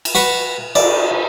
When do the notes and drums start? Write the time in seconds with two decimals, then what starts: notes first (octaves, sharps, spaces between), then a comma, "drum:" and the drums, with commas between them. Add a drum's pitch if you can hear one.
0.05 drum: cymbal
0.15 F#4 B4 C#6
0.75 D5, drum: cymbal